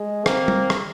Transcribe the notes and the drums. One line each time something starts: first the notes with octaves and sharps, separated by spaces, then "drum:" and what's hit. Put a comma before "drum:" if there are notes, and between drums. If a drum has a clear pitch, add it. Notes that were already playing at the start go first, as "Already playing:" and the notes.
Already playing: G#3
A#3 C4, drum: rim click
drum: tom G3
drum: rim click